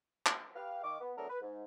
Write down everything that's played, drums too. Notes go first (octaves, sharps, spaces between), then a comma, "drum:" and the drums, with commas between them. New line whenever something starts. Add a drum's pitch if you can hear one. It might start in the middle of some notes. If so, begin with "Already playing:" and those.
drum: clap
G4 B4 F5
D#3 D#5 F5 C#6 D6
B3
F#3 A3 B3 D4 A4 A#4
B4
G#2